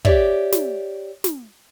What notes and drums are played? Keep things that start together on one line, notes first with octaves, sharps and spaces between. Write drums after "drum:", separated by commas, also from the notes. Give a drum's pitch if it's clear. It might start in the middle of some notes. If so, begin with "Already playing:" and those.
G4 G#4 C#5 D5 E5, drum: kick
drum: snare
drum: snare